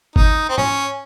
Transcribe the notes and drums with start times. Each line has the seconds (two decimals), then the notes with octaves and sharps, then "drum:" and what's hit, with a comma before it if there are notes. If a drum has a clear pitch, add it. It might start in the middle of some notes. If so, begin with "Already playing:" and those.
0.16 D#4, drum: kick G1
0.49 C4
0.58 C#4, drum: tom G#2